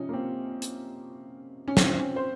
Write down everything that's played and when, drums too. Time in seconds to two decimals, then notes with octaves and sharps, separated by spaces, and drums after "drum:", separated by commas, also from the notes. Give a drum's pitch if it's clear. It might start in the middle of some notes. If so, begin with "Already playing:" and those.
Already playing: C3 F3 C#4 D#4
0.09 A#3
0.13 C4
0.62 drum: hi-hat
1.68 C#4
1.77 C4, drum: snare
1.90 C4
2.00 C#4
2.16 C5